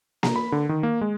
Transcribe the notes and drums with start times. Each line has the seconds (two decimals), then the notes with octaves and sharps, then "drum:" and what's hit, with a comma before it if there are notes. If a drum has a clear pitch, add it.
0.23 A#5, drum: snare A#3
0.36 B5
0.52 D3
0.69 D#3
0.83 A#3
1.01 G#3